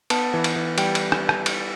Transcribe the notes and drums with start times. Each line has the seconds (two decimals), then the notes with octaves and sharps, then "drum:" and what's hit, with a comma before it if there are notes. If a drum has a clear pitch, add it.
0.10 B3 A5, drum: cymbal
0.34 E3
0.44 drum: cymbal
0.56 E3
0.78 G3 G5, drum: cymbal
0.95 drum: cymbal
1.12 drum: rim click
1.29 drum: rim click
1.46 drum: cymbal